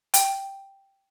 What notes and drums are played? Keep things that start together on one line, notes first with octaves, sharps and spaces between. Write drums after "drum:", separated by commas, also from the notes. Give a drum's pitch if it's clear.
G5, drum: hi-hat